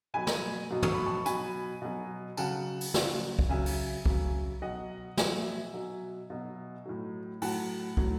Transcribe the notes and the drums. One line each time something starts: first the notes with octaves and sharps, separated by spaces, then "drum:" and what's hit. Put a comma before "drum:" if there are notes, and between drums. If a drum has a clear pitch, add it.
B2 F#3 G#5 B5
drum: snare
B2 F#3
C#6, drum: tom
B5
A5 C#6
B2 F#3 G#5 B5, drum: hi-hat
B2 F#3
C#3 F#3 F#5 A5, drum: tambourine
drum: open hi-hat
C#3 F#3, drum: snare
drum: kick
C#3 F#3 E5 G#5
drum: open hi-hat
C#3 F#3, drum: kick
B2 F#3 D#5 F#5
B2 F#3 E5 G#5, drum: snare
B2 F#3
B2 F#3
A2 F#3
A2 F#3 F#5 A5, drum: open hi-hat
A2 F#3, drum: kick